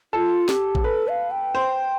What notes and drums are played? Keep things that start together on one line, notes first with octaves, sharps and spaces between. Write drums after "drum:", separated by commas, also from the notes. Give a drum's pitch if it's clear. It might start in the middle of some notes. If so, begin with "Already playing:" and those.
F4 A4
G4, drum: snare
drum: kick A1
A4 B4
F5
G5
C5